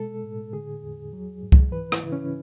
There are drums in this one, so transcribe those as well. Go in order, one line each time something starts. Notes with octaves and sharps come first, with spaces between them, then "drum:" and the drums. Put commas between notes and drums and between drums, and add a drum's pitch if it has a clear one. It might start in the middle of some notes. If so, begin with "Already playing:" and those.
Already playing: B2 G#3 A4
A2
D3 G#4
E2
F#3
G#2
drum: kick C2
E3 B4
E4, drum: rim click
C#3
C#4